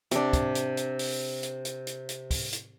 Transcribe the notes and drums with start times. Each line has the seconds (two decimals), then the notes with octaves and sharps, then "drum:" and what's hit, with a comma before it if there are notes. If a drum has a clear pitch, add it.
0.11 C3 D4, drum: hi-hat
0.33 drum: kick, hi-hat
0.55 drum: hi-hat
0.77 drum: hi-hat
0.99 drum: open hi-hat
1.43 drum: hi-hat
1.65 drum: hi-hat
1.87 drum: hi-hat
2.09 drum: hi-hat
2.31 drum: kick, open hi-hat
2.53 drum: hi-hat